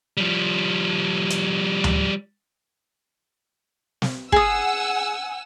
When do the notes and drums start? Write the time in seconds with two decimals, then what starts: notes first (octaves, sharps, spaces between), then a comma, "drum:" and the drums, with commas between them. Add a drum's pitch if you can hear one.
0.17 F3 G3
1.30 drum: hi-hat
1.84 drum: tom D2
4.02 drum: snare
4.32 G#4 F#5 G#5 D#6 E6, drum: kick